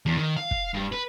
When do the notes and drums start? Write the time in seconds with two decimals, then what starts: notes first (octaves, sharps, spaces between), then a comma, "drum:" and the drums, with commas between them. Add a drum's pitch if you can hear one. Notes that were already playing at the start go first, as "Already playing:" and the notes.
0.06 E2
0.17 D#3
0.37 F5
0.51 drum: kick
0.74 G2
0.92 B4